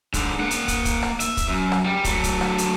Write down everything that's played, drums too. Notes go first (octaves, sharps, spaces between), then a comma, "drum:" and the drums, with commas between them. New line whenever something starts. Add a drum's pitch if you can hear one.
G#2 D3, drum: kick, hi-hat
A#3 F#5
drum: hi-hat
drum: kick, hi-hat
drum: kick, hi-hat
drum: rim click
E5, drum: hi-hat
drum: kick, hi-hat
F#2
drum: rim click
G3
F#3 A3, drum: kick, hi-hat
drum: kick, hi-hat
drum: rim click
drum: hi-hat